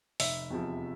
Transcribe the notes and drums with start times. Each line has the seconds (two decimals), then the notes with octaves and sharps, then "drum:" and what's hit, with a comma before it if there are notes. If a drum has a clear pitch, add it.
0.20 F1 E5, drum: open hi-hat
0.50 E2 C3 F3